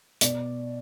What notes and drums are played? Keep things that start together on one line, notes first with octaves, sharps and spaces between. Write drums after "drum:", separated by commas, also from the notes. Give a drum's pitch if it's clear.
B2 D5, drum: hi-hat